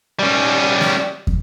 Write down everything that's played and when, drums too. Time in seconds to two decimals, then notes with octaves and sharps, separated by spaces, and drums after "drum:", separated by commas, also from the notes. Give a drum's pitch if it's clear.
0.19 G3 C#4
0.81 drum: snare
1.27 drum: kick